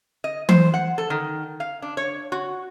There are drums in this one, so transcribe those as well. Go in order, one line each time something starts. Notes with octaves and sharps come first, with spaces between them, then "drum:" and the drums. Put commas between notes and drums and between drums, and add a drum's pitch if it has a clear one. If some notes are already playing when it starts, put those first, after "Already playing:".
D#5
C5, drum: tom E3
F#5
A4
D#3
F5
D4
C#5
F#4